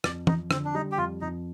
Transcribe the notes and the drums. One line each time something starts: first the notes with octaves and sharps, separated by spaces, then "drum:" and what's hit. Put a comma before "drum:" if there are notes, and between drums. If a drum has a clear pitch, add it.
F2 D5, drum: rim click
F2 D#4, drum: tom
D3 C4, drum: rim click
D4
G3 D#4
G4
F2 F4
F2 D#4